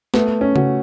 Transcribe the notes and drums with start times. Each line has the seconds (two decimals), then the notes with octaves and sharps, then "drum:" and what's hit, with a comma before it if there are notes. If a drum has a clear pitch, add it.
0.14 A3 B3, drum: snare
0.41 C#4
0.56 F#4, drum: tom C#3